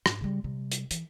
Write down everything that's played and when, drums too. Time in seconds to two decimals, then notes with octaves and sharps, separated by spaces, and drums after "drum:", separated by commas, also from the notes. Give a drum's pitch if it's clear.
0.06 G#2, drum: rim click
0.21 C#3 G3
0.44 C3 G3
0.72 drum: hi-hat
0.91 E3, drum: hi-hat